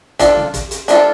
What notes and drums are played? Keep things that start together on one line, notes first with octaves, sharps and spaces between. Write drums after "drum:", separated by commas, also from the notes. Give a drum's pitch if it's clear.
D4 F4 A4, drum: kick, hi-hat
drum: snare
drum: kick, hi-hat
drum: hi-hat
D4 F4 A4, drum: hi-hat